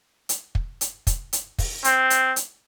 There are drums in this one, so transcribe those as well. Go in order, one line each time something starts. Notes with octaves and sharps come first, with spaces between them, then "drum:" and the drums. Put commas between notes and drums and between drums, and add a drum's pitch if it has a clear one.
drum: hi-hat
drum: kick
drum: hi-hat
drum: kick, hi-hat
drum: hi-hat
drum: kick, open hi-hat
C4, drum: hi-hat
drum: hi-hat
drum: hi-hat